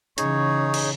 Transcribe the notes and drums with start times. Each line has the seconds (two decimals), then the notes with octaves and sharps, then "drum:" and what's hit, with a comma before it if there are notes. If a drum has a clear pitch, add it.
0.18 C#3 E3 D#4 G#4 C#5 C#6, drum: hi-hat
0.74 drum: cymbal